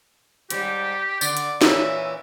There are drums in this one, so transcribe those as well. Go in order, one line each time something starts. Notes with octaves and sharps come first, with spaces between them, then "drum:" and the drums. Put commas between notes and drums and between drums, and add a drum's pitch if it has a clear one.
G#2 G3 G4, drum: hi-hat
D3 D5, drum: tambourine
drum: hi-hat
A#2 E3 C#4 E5, drum: snare